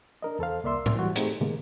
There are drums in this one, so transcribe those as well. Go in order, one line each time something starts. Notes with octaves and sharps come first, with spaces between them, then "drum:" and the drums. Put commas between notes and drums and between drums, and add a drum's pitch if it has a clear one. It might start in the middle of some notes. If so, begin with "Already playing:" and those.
D4 A#4 D#5
E2 A4 C5 F5
C2 A#3 D5 E5 C6 E6
drum: tom A2
E3 F#3 G3 F#4
A3 C4 D#4 G4 G#4, drum: hi-hat
A2 C3 D#3 G#3 A#3 B3